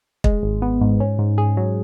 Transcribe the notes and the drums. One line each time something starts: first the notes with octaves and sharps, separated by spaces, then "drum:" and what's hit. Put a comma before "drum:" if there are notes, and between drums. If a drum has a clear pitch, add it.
G#3, drum: kick
G#1
B3
G#2
C#4
G#2
G#4
F#3